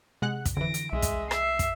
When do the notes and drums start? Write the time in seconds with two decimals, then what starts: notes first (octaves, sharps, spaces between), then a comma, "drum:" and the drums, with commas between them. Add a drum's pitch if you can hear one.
0.22 C3 G#3 F#5 F#6
0.45 drum: kick, hi-hat
0.57 F2 D3 E3 A#6 D7
0.74 drum: hi-hat
0.93 C2 G#3 D#5 E5
1.02 drum: kick, hi-hat
1.31 E5 C7, drum: rim click
1.59 drum: kick, hi-hat